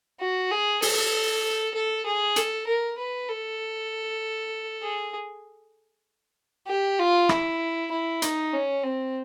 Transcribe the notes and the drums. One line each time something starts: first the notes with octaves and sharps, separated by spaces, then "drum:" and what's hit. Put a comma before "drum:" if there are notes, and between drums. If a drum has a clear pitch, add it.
F#4
G#4
A4, drum: open hi-hat
A4
G#4
A4, drum: hi-hat
A#4
B4
A4
G#4
G4
F4
E4, drum: rim click
E4
D#4, drum: hi-hat
C#4
C4